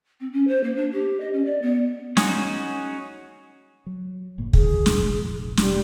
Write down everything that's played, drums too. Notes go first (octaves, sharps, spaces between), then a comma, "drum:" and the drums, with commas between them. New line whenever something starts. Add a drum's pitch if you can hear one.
C4
C#4
C5
A#3
D4
G4
D#5
C#4
D5
B3
C#4 D#4 F#4 G#4, drum: snare
F#3
F#1 A2 A#3
D3 D#3 F3 G#4, drum: kick
F1 A#1 F2, drum: snare
E1 G3, drum: snare